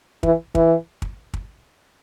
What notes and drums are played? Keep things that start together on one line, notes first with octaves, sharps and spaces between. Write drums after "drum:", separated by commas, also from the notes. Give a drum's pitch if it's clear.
E3, drum: kick
E3, drum: kick
drum: kick
drum: kick